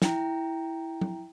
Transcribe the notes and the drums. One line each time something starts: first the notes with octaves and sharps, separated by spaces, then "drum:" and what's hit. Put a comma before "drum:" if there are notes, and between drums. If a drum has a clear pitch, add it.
E4 G5 A#5, drum: snare
drum: tom F#3